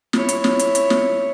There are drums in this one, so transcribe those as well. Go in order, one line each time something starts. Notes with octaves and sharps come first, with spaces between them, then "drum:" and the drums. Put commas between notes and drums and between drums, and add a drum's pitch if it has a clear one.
E4 C#5, drum: snare
drum: hi-hat
drum: snare
drum: hi-hat
drum: hi-hat
drum: snare